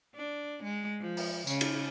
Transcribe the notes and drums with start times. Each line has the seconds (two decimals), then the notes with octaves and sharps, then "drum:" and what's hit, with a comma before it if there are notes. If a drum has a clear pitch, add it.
0.15 D4
0.63 G#3
1.00 F3
1.17 drum: open hi-hat
1.47 C#3, drum: tambourine
1.61 drum: cymbal